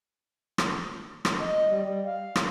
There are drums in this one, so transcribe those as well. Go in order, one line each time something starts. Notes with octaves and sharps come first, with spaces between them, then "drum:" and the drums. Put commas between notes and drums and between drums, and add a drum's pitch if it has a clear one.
drum: rim click
drum: rim click
D#5
G3
G3
F5
drum: rim click